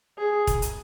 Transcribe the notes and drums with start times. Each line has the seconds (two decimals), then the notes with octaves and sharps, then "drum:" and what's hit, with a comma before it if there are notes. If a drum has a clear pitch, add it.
0.18 G#4
0.47 drum: kick E1, hi-hat
0.62 drum: hi-hat